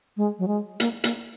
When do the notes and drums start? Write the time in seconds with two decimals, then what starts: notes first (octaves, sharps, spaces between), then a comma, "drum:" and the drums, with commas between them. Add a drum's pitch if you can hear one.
0.17 G#3
0.39 F#3
0.48 G#3
0.80 A#3, drum: hi-hat
1.04 A#3, drum: hi-hat